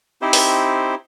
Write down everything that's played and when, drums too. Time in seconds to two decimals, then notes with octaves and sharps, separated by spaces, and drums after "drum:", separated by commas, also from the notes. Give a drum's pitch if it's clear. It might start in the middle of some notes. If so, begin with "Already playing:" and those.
0.22 C4 D#4 E4 G4 C5
0.33 drum: open hi-hat